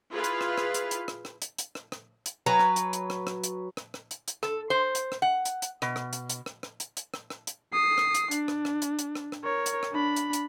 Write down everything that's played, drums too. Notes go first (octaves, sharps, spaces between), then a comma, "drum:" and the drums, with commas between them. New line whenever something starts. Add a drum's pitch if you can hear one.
E4 F4 G#4 B4 F5
drum: hi-hat
drum: rim click
drum: rim click
drum: hi-hat
drum: hi-hat
drum: rim click
drum: rim click
drum: hi-hat
drum: hi-hat
drum: rim click
drum: rim click
drum: hi-hat
F#3 B4 G#5 A#5
drum: rim click
drum: hi-hat
drum: hi-hat
drum: rim click
drum: rim click
drum: hi-hat
drum: rim click
drum: rim click
drum: hi-hat
drum: hi-hat
A4, drum: rim click
C5
drum: hi-hat
drum: rim click
F#5
drum: hi-hat
drum: hi-hat
B2, drum: rim click
drum: rim click
drum: hi-hat
drum: hi-hat
drum: rim click
drum: rim click
drum: hi-hat
drum: hi-hat
drum: rim click
drum: rim click
drum: hi-hat
D#6 C7
drum: rim click
drum: hi-hat
D4, drum: hi-hat
drum: rim click
drum: rim click
drum: hi-hat
drum: hi-hat
drum: rim click
drum: rim click
A#4 C#5
drum: hi-hat
drum: rim click
D4 B5
drum: hi-hat
drum: hi-hat